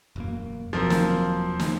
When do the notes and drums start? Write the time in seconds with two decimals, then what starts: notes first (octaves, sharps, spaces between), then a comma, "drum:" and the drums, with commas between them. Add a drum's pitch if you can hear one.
0.16 E1 F#2 A#3
0.73 E1 B1 F3 F#3 A#3 C4
0.90 drum: snare
1.60 drum: snare